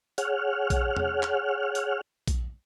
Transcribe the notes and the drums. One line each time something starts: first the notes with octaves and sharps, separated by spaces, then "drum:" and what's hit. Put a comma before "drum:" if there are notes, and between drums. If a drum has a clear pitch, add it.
G#4 C#5 F#5 F6, drum: hi-hat
drum: kick A#1, hi-hat
drum: tom E2
drum: clap
drum: hi-hat
drum: kick A#1, hi-hat